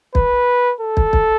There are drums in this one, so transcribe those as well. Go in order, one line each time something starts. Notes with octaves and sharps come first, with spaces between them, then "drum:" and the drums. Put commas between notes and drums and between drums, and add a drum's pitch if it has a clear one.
B4, drum: kick
A4
drum: kick
drum: kick